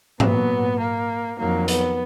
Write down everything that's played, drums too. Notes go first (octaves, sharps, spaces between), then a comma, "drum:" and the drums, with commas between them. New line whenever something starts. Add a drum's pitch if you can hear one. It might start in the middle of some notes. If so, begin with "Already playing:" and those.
A#2 F#3 B3, drum: tom G#2
A#3
F2 D#3 F#3 A#3
B3, drum: hi-hat